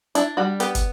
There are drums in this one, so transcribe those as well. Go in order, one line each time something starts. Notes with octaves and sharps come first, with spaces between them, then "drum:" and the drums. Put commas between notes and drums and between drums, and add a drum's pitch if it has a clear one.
D4 E4, drum: hi-hat
G3 F#4
B3 G4, drum: hi-hat
drum: kick, hi-hat